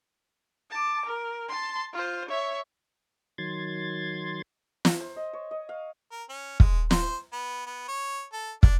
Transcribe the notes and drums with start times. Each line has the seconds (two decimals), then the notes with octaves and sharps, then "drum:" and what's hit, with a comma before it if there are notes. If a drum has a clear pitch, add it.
0.71 A5 D6
1.06 A#4
1.49 A5 C6
1.93 F4 C5
2.29 C#5 E5
3.38 D#3 F#3 C6 G#6 A6
4.85 drum: snare
5.00 C5
5.16 D#5
5.33 C#5
5.51 D#5
5.69 F5
6.11 A#4
6.29 C#4
6.60 G#3, drum: kick
6.91 C5, drum: snare
7.33 B3
7.66 B3
7.88 C#5
8.33 A4
8.63 D4, drum: kick